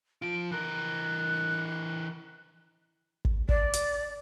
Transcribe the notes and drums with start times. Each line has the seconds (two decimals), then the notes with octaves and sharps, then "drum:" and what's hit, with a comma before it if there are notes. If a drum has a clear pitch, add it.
0.22 F3 F4 D7
0.51 E3 A#4 F#6
3.25 drum: kick
3.49 D5, drum: kick
3.73 drum: hi-hat